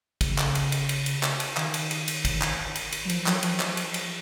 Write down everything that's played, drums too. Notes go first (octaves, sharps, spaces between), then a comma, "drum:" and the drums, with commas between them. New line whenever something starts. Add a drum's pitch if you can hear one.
C#3, drum: kick, cymbal
drum: clap
drum: cymbal
drum: cymbal
drum: cymbal
drum: cymbal
drum: clap
drum: cymbal
D#3, drum: clap
drum: cymbal
drum: cymbal
drum: cymbal
drum: kick, cymbal
drum: clap
drum: cymbal
drum: cymbal
F#3
F3, drum: cymbal
F#3, drum: clap
F3, drum: cymbal
F3, drum: clap
drum: cymbal
drum: cymbal